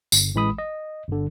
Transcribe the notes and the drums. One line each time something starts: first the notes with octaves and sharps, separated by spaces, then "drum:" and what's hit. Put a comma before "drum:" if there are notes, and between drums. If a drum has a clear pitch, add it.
G1, drum: tambourine
A1 E3 G#3 B5 D#6
D#5
G1 D3